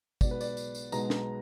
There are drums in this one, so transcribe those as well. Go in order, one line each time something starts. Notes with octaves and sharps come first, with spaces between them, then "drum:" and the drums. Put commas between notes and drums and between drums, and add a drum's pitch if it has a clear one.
B1 B2 G#3 B3 D5, drum: kick, tambourine
B4
D5, drum: tambourine
drum: tambourine
drum: tambourine
B1 B2 G#3 B3 A#5, drum: tambourine
drum: snare